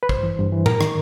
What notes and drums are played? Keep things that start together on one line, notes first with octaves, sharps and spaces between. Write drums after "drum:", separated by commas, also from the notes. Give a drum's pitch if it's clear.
B4
G2 C5, drum: kick
E3
G2
E3
G#2 A#4, drum: tom A2
D#3, drum: rim click